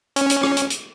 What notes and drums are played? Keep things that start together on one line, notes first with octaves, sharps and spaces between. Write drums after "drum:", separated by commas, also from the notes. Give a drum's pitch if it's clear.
C#4, drum: hi-hat
drum: hi-hat
drum: rim click
drum: hi-hat
drum: hi-hat